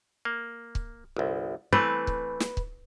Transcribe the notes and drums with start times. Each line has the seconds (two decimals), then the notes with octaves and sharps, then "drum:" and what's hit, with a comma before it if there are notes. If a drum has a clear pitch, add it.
0.25 A#3
0.75 drum: kick C#1
1.17 G1 C2
1.73 E3 A3 C4 B4
2.07 drum: kick C#1
2.40 drum: snare
2.57 drum: kick C#1